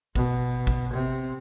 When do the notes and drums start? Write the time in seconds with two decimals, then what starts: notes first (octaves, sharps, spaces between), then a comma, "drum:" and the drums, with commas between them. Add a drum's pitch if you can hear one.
0.16 B2, drum: kick A1
0.67 drum: kick A1
0.93 C3